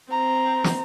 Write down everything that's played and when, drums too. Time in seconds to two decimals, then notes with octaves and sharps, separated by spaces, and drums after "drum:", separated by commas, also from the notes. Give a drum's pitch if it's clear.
0.11 C4 A#5
0.64 drum: snare